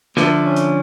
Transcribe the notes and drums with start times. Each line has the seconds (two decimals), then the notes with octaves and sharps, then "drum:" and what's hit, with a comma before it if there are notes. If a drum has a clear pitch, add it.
0.17 D3 F3 A3, drum: snare
0.43 C#4
0.56 drum: hi-hat